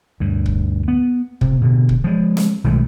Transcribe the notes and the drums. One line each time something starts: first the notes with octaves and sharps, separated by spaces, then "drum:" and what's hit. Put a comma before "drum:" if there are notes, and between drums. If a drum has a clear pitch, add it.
D2 G2
drum: kick C#1
B3
C3, drum: kick C#1
B2 D3
drum: kick C#1
F3 G#3
drum: snare
B1 D#3 G#3 A3